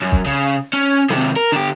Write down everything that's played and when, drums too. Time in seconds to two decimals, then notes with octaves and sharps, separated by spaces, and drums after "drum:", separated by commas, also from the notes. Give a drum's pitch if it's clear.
0.02 F#2
0.12 drum: kick
0.26 C#3
0.73 C#4
1.10 D#2 C3, drum: snare
1.36 A#4
1.52 D3 G4